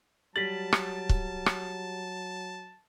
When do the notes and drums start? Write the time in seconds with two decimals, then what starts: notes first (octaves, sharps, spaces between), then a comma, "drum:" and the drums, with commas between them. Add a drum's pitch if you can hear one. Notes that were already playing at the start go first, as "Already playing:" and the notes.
0.36 F#3 G3 A5 A6 B6 F#7
0.73 drum: rim click
1.09 drum: kick C#1
1.46 drum: rim click